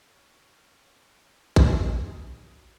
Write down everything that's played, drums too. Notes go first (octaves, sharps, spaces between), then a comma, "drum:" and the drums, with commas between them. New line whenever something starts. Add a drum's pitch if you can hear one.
C#4
D#3 F#4, drum: kick A1
D#4
C#3